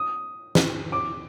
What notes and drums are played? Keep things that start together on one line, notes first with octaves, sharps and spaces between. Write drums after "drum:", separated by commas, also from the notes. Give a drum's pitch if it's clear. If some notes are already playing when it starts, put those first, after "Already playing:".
Already playing: D#6
drum: snare
D6